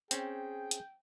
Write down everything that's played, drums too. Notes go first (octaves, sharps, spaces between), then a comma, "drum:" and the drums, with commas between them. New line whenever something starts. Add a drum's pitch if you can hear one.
C4 C#4 G#4 G5, drum: hi-hat
drum: hi-hat